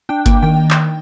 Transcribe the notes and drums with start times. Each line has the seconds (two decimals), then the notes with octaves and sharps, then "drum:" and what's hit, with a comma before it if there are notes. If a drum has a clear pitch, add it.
0.09 D4 G5
0.26 A#3 G5, drum: kick G1, hi-hat
0.42 D#3 G5
0.71 drum: clap